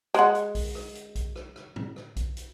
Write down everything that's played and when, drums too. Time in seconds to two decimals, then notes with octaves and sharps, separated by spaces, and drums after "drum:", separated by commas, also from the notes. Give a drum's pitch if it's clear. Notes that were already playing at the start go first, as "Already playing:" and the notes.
0.14 G#3 F#5, drum: hi-hat
0.35 drum: hi-hat
0.55 drum: kick B1, open hi-hat
0.75 drum: rim click
0.95 drum: hi-hat
1.15 drum: kick B1, hi-hat
1.36 drum: rim click
1.56 drum: rim click
1.76 drum: tom A2
1.96 drum: rim click
2.16 drum: kick B1, hi-hat
2.37 drum: hi-hat